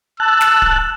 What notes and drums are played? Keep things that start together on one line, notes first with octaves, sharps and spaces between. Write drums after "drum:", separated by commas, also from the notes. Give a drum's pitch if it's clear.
A5 E6 F#6
drum: snare
drum: kick D1